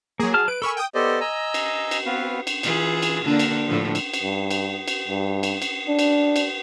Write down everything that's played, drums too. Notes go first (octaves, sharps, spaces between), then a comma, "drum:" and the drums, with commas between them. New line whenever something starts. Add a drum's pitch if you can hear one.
F#3 A#3 G#4
A5 F6
B4 D7
A4 A#4 G#5 B5 C#6 E6
G5 D#6
B3 G4 A4 C5 D5 D#5
D#5 G#5 A#5 E6
drum: cymbal
drum: cymbal
B3 C4 F#4 B4 F5
drum: cymbal
E3 F4 G#4, drum: cymbal
drum: cymbal
D3 A#3 D4
drum: cymbal
A2 D3 F3
drum: cymbal
drum: cymbal
G2
drum: cymbal
drum: cymbal
G2
drum: cymbal
drum: cymbal
D4
drum: cymbal
drum: cymbal